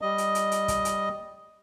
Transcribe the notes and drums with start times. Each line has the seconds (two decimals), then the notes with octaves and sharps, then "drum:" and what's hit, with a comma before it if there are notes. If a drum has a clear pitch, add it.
0.01 G3 D#5
0.18 drum: hi-hat
0.35 drum: hi-hat
0.52 drum: hi-hat
0.68 drum: kick, hi-hat
0.85 drum: hi-hat